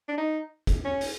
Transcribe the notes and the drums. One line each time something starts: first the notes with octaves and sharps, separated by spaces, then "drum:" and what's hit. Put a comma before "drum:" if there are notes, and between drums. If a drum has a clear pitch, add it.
D4
D#4
drum: kick, hi-hat
C#4
drum: open hi-hat